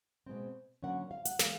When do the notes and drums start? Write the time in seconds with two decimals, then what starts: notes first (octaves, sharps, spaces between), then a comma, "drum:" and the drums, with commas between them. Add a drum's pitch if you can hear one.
0.26 B2 G#3 C4
0.82 D3 F#3 A#3 C#4 F#5
1.11 F5
1.25 F#5, drum: hi-hat
1.39 E3 G#3 B3 F5, drum: snare